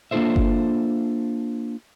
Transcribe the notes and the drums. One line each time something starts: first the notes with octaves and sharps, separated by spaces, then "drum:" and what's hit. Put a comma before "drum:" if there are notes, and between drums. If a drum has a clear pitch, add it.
A#3 D4 F4 A4 C5 E5
drum: kick G1